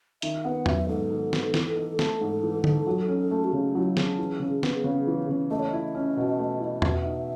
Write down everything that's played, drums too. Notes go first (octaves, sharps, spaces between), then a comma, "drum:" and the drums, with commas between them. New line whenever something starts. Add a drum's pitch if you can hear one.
D#3 E5, drum: hi-hat
B3 F#5
F#3 E5, drum: tom
G#2 A4
D#3
B3, drum: snare
E3, drum: snare
D#4
A3, drum: snare
G#2
E3
D#4, drum: tom D3
F#3
C#4
A3
F#4
C#3 G#4
F#3 E4
C#4 G#4, drum: snare
E3
C#3
B3, drum: snare
C#3
E3
C#3
A3 D#5
C#5
E4 D#5
C#4
B2
A3
E4
B2 E5, drum: tom
D#4